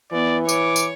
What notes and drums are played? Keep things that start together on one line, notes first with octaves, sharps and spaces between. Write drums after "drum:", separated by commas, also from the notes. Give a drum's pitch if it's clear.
E3 B3 D5
C#5 D6, drum: tambourine
drum: tambourine